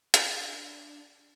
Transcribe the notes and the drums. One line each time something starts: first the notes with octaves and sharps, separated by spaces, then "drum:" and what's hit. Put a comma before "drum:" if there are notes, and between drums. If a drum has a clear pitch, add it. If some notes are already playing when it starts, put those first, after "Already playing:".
D4 F6 D#7, drum: hi-hat